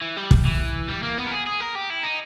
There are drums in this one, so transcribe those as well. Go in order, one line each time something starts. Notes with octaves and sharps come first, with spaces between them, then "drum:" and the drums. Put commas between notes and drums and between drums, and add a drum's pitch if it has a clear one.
E3
G3
drum: kick
E3
G3
A#3
B3
A#4
G#4
G#4
A#4
G4
E4
D#4